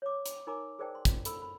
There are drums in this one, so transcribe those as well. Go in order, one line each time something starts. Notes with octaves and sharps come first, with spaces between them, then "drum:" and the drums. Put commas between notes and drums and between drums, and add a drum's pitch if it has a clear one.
C#5 D6
drum: hi-hat
D#4 A#4 C#5 G#5 A#5 D6
G#4 A#4 C5 D5 G5 A5
C6
drum: kick, hi-hat
A4 B5 E6, drum: hi-hat
B5